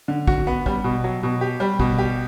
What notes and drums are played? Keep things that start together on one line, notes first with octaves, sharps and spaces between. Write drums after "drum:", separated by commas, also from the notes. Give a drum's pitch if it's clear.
D3
F#4, drum: kick
B3
G3, drum: kick
B2
F#3
B2
G4
G3
B2, drum: kick
G4